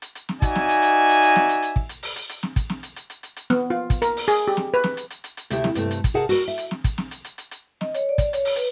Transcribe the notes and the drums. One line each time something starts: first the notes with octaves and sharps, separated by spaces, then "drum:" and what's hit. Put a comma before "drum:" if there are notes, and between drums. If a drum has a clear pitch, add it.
drum: hi-hat
drum: hi-hat
drum: snare
D#4 F#4 D5 E5 G#5, drum: kick, hi-hat
drum: snare
drum: hi-hat
drum: hi-hat
drum: hi-hat
drum: hi-hat
drum: snare
drum: hi-hat
drum: hi-hat
drum: kick
drum: hi-hat
drum: open hi-hat
drum: hi-hat
drum: hi-hat
drum: snare
drum: kick, hi-hat
drum: snare
drum: hi-hat
drum: hi-hat
drum: hi-hat
drum: hi-hat
drum: hi-hat
B3, drum: snare
F4
drum: kick, hi-hat
A#4, drum: hi-hat
drum: open hi-hat
G#4, drum: hi-hat
G4
drum: snare
B4
drum: snare
drum: hi-hat
drum: hi-hat
drum: hi-hat
drum: hi-hat
D2 C3 A3 E4 G4 E5, drum: hi-hat
drum: snare
G2 C3 A3, drum: hi-hat
drum: hi-hat
drum: kick, hi-hat
C3 G#4 A#4 F#5 A5
F#4 A#4, drum: open hi-hat
E5
drum: hi-hat
drum: snare
drum: kick, hi-hat
drum: snare
drum: hi-hat
drum: hi-hat
drum: hi-hat
drum: hi-hat
D#5, drum: snare
C#5, drum: hi-hat
D5
drum: kick, hi-hat
C#5, drum: hi-hat
drum: open hi-hat
B4, drum: hi-hat